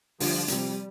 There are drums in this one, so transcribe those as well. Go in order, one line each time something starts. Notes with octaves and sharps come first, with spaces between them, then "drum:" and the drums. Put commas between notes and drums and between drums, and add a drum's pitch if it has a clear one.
D3 F3 G3 D4, drum: open hi-hat
C3 F3 G3 C4, drum: hi-hat